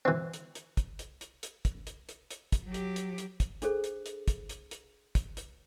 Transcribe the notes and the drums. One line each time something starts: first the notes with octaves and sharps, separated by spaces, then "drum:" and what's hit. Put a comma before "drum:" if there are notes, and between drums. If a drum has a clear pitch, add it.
E3 C4
drum: hi-hat
drum: hi-hat
drum: kick, hi-hat
drum: hi-hat
drum: hi-hat
drum: hi-hat
drum: kick, hi-hat
drum: hi-hat
drum: hi-hat
drum: hi-hat
drum: kick, hi-hat
F#3 G4
drum: hi-hat
drum: hi-hat
drum: hi-hat
drum: kick, hi-hat
D4 G#4 A4 C5, drum: hi-hat
drum: hi-hat
drum: hi-hat
drum: kick, hi-hat
drum: hi-hat
drum: hi-hat
drum: kick, hi-hat
drum: hi-hat